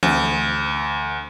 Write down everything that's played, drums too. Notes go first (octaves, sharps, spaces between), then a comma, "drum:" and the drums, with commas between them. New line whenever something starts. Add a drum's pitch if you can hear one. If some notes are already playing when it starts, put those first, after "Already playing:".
D2, drum: tom E3